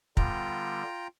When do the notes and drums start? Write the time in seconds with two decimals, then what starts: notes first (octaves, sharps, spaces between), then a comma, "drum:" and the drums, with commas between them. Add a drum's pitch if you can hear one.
0.17 D3 G3 B3 F4 G5 A#5, drum: kick